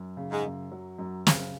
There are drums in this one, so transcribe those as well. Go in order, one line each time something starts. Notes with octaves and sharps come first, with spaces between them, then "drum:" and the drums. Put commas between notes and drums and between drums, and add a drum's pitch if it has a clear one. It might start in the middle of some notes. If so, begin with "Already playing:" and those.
Already playing: F#2
C#3
G#2 G#3
F#2
F#3
F#2
C#3, drum: snare